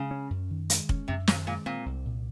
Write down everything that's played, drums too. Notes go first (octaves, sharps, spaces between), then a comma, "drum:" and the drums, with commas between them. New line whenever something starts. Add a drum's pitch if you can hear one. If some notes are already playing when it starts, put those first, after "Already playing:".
Already playing: C#3 G#3
C#4
F#2
D#3
G#3, drum: hi-hat
C#4, drum: kick
F#2 C3
A#2 D#3, drum: snare
A#2 G#3
A#2 C4
C2
A#2